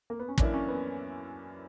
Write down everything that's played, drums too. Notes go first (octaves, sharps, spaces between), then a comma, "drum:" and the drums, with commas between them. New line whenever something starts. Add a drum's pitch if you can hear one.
A#3
B3
C#4
F#2 E3 A#3 D4 E4, drum: kick
C#4
B3